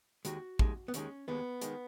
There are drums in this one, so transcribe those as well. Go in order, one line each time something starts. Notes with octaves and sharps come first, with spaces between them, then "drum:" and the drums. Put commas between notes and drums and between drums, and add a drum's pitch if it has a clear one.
D#2 D#3 G#3 F#4, drum: hi-hat
D#2 D#3 G#3, drum: kick
B3
D#2 D#3 G#3 C#4, drum: hi-hat
D#2 D#3 G#3 B3
D#3 G#3, drum: hi-hat